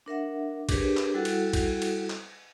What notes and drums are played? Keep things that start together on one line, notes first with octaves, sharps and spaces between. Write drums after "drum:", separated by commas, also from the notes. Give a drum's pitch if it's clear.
D4 A#4 E5 F#5
D4 G4 G#4 A#4 B4 C#5, drum: kick, cymbal
drum: clap
G3 E4 F#4 A4 F#5
drum: cymbal
drum: kick, cymbal
drum: cymbal
drum: clap